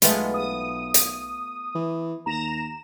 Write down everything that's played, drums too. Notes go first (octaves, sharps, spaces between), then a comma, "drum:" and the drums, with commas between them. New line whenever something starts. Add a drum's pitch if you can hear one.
B1 G#3 A3 B3 F4, drum: hi-hat
D#6
drum: hi-hat
E3
D#2 A#5 E7